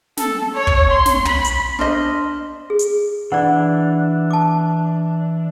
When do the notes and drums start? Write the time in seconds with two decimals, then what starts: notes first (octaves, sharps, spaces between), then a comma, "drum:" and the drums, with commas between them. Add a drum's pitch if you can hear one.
0.17 A4, drum: snare
0.54 C#5
0.67 drum: kick
0.91 C6
1.06 drum: snare
1.25 B5, drum: tom
1.44 drum: hi-hat
1.79 D4 C5 D#5 C6 F6
2.70 G#4
2.79 drum: hi-hat
3.32 E3 D4 D5 F#5
4.31 A5 D6